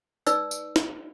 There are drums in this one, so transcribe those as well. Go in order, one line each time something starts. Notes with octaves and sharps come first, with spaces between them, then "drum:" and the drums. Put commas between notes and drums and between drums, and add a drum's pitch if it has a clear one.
D#4 B4 D5 E6, drum: tambourine
drum: tambourine
drum: snare